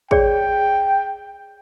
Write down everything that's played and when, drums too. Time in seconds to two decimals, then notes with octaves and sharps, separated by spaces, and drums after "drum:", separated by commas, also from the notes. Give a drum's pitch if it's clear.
0.11 G#4 C#5 D5 G5, drum: kick